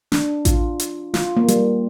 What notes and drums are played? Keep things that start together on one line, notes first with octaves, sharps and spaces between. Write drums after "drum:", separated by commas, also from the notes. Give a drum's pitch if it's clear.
D4, drum: snare
F4, drum: kick A1, hi-hat
drum: hi-hat
F4, drum: snare
A#3
G3, drum: hi-hat